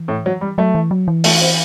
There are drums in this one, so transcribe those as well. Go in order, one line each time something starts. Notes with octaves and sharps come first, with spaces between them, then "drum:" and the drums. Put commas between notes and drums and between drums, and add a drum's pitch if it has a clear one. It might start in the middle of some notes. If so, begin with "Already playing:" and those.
Already playing: E3
A2
F#3
G3
F#3 A3
E3
F#3
E3
A3, drum: open hi-hat
C4